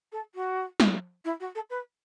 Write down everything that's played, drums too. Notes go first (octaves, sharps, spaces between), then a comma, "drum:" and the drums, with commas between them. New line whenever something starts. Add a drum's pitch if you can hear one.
A4
F#4
drum: snare
E4
F#4
A4
B4